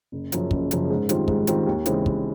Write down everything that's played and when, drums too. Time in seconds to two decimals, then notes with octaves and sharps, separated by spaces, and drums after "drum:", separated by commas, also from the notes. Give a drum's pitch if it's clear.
0.12 F#1
0.32 F#2 C#3 F3, drum: hi-hat
0.51 F#1, drum: kick
0.71 F#2 C#3 F3, drum: hi-hat
0.90 G#2
1.09 D#3 G3 C4 F4, drum: hi-hat
1.28 G#2, drum: kick
1.47 D#3 G3 C4 F4, drum: hi-hat
1.67 D#2
1.86 C#3 E3 G#3 C4, drum: hi-hat
2.06 D#2, drum: kick